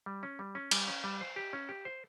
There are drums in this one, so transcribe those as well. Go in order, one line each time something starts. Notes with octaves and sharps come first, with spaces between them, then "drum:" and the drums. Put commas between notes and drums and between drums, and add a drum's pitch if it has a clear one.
G3
C#4
G3
C#4
G3, drum: cymbal
C#4
G3
C5
G4
C#4
G4
C5